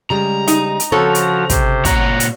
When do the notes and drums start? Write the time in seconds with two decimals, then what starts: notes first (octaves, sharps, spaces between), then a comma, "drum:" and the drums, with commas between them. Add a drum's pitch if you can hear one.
0.10 C#3 G3 G#3 A#5
0.47 D#4, drum: hi-hat
0.80 drum: hi-hat
0.92 C#3 F3 C4 F#4 A4 C#5
1.15 drum: hi-hat
1.50 C3 C5, drum: kick, hi-hat
1.85 A#2 F#4 C#5 F#5 A#5, drum: kick, hi-hat
2.20 drum: hi-hat